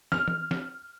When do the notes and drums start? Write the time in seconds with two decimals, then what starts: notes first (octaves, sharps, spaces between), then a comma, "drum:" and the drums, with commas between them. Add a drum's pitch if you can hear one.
0.12 F6, drum: snare
0.28 drum: tom E3
0.51 drum: snare